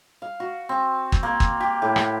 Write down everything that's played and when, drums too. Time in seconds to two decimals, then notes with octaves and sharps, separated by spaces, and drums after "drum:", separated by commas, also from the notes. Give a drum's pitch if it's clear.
0.22 F5
0.40 F#4
0.69 C4
1.12 drum: kick
1.23 A#3
1.40 drum: kick
1.60 G4
1.82 A2
1.96 drum: rim click